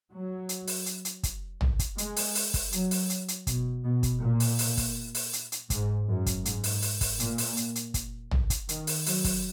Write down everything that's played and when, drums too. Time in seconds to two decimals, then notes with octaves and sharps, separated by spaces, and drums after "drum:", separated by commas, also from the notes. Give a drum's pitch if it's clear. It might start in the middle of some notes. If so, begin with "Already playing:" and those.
0.12 F#3
0.49 drum: hi-hat
0.68 drum: open hi-hat
0.86 drum: hi-hat
1.05 drum: hi-hat
1.23 drum: kick, hi-hat
1.61 drum: tom A1
1.79 drum: kick, hi-hat
1.98 G#3, drum: hi-hat
2.17 drum: open hi-hat
2.35 drum: open hi-hat
2.54 drum: kick, open hi-hat
2.72 F#3, drum: hi-hat
2.91 drum: open hi-hat
3.10 drum: hi-hat
3.28 drum: hi-hat
3.47 B2, drum: kick, hi-hat
3.85 B2
4.03 drum: kick, hi-hat
4.21 A#2
4.40 drum: open hi-hat
4.59 drum: open hi-hat
4.77 drum: kick, open hi-hat
5.15 drum: open hi-hat
5.33 drum: hi-hat
5.52 drum: hi-hat
5.70 G#2, drum: kick, hi-hat
6.08 F#2
6.26 drum: kick, hi-hat
6.45 G#2, drum: hi-hat
6.64 drum: open hi-hat
6.82 drum: open hi-hat
7.01 drum: kick, open hi-hat
7.20 A#2, drum: hi-hat
7.38 drum: open hi-hat
7.57 drum: hi-hat
7.75 drum: hi-hat
7.94 drum: kick, hi-hat
8.31 drum: tom A1
8.50 drum: kick, hi-hat
8.69 D#3, drum: hi-hat
8.87 drum: open hi-hat
9.06 F#3, drum: open hi-hat
9.25 drum: kick, open hi-hat